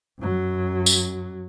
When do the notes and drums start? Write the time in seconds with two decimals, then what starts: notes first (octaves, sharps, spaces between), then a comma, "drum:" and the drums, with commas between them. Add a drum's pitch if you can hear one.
0.19 F#2 F#3
0.86 drum: tambourine